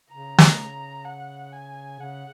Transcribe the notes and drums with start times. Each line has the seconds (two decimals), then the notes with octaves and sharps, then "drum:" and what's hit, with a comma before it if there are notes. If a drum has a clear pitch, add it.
0.10 C#3 A#5
0.38 drum: snare
1.05 F#5
1.53 G#5
2.00 C#3 F#5